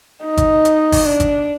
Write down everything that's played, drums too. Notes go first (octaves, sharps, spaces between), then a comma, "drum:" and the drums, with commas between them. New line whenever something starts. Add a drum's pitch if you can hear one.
D#4
drum: kick G#1, hi-hat
drum: hi-hat
drum: kick G#1, open hi-hat
D4
drum: kick G#1, hi-hat